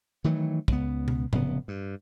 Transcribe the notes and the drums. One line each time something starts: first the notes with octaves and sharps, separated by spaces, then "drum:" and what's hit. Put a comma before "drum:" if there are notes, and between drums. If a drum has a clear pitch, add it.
D#3 E3 F#3 A3
C#2 B3, drum: kick
drum: tom B2
F1 C#3 B3, drum: tom A2
G2